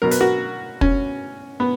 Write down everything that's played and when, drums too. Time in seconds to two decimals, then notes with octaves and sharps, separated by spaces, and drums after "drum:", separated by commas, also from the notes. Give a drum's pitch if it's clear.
0.02 B2 F#3 A#4
0.11 B4, drum: hi-hat
0.20 F#4 A#4
0.81 C#4, drum: kick
1.60 B3